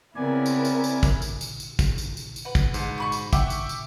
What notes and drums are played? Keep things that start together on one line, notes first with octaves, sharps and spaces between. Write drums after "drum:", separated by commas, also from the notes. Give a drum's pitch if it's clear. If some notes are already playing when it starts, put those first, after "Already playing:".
C#3 B3 C4 E4 A#4 D5 G#5
drum: tambourine
drum: tambourine
drum: tambourine
drum: kick, tambourine
drum: tambourine
drum: tambourine
drum: tambourine
drum: kick, tambourine
drum: tambourine
drum: tambourine
drum: tambourine
B4 F#5
drum: kick, tambourine
G#2, drum: tambourine
F#4 B5 C#6
drum: tambourine
E5 F#5 G5 C#6 D6, drum: kick, tambourine
drum: tambourine
drum: tambourine